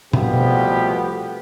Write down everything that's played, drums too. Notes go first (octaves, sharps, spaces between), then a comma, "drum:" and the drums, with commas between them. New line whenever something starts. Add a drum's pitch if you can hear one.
C2 B2 F3 A3 B3 G4, drum: tom B2